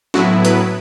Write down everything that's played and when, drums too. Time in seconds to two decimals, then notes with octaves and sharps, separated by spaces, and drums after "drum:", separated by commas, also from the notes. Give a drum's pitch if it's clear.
0.14 A2 F#3 B3 E4 F#4, drum: snare
0.45 B4, drum: hi-hat